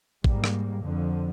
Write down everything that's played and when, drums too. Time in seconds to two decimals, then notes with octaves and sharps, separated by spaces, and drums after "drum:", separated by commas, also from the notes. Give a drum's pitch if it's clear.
0.24 G#2 G3 A#3, drum: kick A1
0.44 drum: rim click
0.83 F2 D3 F3